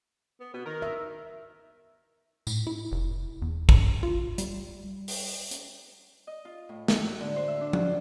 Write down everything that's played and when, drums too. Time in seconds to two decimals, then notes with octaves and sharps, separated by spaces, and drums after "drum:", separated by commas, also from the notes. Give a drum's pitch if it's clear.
0.40 B3
0.54 B2 B3
0.66 D#3 A#4
0.82 E5
2.47 A2, drum: tambourine
2.67 E4
2.92 F1
3.42 E2
3.69 G2, drum: kick
4.03 F4
4.38 G3, drum: hi-hat
5.08 drum: open hi-hat
5.51 drum: hi-hat
6.27 D#5
6.45 F4
6.69 A2
6.88 E5, drum: snare
7.04 F#4
7.20 D3
7.36 C5
7.48 E5
7.61 D4
7.73 F#4, drum: tom F3
7.85 F4